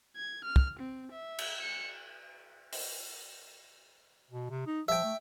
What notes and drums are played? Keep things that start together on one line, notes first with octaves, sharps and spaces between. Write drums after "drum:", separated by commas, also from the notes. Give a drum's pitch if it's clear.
G#6
F6
drum: kick
C4
E5
drum: cymbal
C#7
drum: open hi-hat
B2
C3
D#4
F3 E5 G5
A3